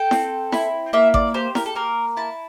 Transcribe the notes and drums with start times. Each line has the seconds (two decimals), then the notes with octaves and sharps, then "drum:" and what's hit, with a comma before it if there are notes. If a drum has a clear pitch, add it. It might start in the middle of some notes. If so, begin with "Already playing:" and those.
Already playing: A4 G5
0.11 C4, drum: snare E4
0.52 E4, drum: snare E4
0.93 A#3 E5
1.14 D5, drum: kick A1
1.34 G4 C5
1.55 A#4, drum: snare E4
1.66 A4
1.75 A#3 A#4
2.17 E4 A5